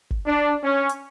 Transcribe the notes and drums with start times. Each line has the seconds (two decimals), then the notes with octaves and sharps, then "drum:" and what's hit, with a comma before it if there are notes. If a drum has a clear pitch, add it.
0.11 drum: kick G1
0.26 D4
0.64 C#4
0.89 drum: hi-hat